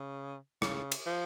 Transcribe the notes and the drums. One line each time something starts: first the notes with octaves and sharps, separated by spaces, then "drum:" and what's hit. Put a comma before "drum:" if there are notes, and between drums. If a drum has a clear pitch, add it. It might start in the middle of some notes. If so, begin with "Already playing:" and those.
Already playing: C#3
C#3, drum: rim click
drum: cymbal
F3